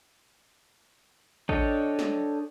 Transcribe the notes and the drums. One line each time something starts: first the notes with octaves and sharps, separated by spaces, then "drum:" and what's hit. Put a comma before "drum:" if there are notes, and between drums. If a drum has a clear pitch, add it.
D4 A4 C#5 D#5 G5, drum: kick A1
drum: snare